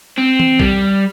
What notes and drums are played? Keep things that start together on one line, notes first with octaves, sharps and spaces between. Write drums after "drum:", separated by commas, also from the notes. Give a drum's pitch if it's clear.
C4
drum: tom E3
G3, drum: kick